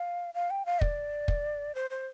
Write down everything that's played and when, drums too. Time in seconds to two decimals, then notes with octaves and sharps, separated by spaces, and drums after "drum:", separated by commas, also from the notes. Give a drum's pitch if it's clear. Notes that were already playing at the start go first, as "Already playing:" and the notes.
Already playing: F5
0.34 F5
0.50 G5
0.66 F5
0.81 D5, drum: kick
1.28 drum: kick
1.75 C5
1.90 C5